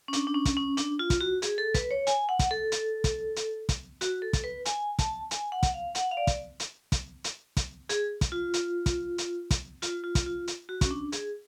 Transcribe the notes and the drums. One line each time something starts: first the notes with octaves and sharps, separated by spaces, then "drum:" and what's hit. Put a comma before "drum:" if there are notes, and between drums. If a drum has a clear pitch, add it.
C#4
D4, drum: hi-hat
D4
C#4
drum: kick, hi-hat
C#4
D4, drum: hi-hat
F4
drum: kick, hi-hat
F#4
G#4, drum: hi-hat
A4
B4, drum: kick, hi-hat
C#5
G#5, drum: hi-hat
F#5
drum: kick, hi-hat
A4
drum: hi-hat
drum: kick, hi-hat
drum: hi-hat
drum: kick, hi-hat
F#4, drum: hi-hat
A4
drum: kick, hi-hat
B4
G#5, drum: hi-hat
A5, drum: kick, hi-hat
G#5, drum: hi-hat
F#5
drum: kick, hi-hat
F5
F#5, drum: hi-hat
F5
D5
drum: kick, hi-hat
drum: hi-hat
drum: kick, hi-hat
drum: hi-hat
drum: kick, hi-hat
G#4, drum: hi-hat
drum: kick, hi-hat
F4
drum: hi-hat
drum: kick, hi-hat
drum: hi-hat
drum: kick, hi-hat
F4, drum: hi-hat
F4
drum: kick, hi-hat
F4
drum: hi-hat
F#4
C#4, drum: kick, hi-hat
D4
G#4, drum: hi-hat